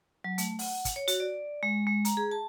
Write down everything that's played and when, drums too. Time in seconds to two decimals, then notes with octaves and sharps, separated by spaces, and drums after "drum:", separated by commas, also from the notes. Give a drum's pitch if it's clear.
0.24 F#3
0.38 A3, drum: hi-hat
0.59 F#5, drum: open hi-hat
0.85 drum: kick, hi-hat
0.96 C#5
1.08 F#4, drum: hi-hat
1.20 D5
1.63 G#3
1.87 G#3
2.05 A#5, drum: hi-hat
2.17 G#4
2.31 A5